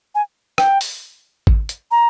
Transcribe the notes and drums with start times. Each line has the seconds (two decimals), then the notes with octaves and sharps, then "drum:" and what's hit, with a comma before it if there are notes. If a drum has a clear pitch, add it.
0.15 G#5
0.58 G5, drum: rim click
0.81 drum: open hi-hat
1.47 drum: kick G#1
1.69 drum: hi-hat
1.91 A#5